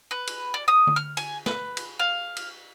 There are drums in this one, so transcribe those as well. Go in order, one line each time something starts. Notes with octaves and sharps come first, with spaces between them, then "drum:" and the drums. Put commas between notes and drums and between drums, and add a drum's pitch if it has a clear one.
B4
drum: cymbal
D5
D#6
drum: tom D3
F6
G#5, drum: cymbal
B4, drum: snare
drum: cymbal
F5
drum: cymbal